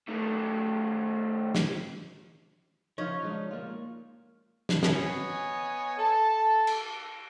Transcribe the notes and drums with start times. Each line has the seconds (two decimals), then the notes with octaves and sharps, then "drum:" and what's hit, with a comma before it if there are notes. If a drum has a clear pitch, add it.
0.08 D#3 A3
1.55 drum: snare
2.98 F3 C#4 D#4 F4 C#5
3.23 F3 G#3 D4
3.51 A#3 F4
4.69 drum: snare
4.83 B3 C#5 D#5 G#5, drum: snare
5.98 A4 A5
6.67 drum: cymbal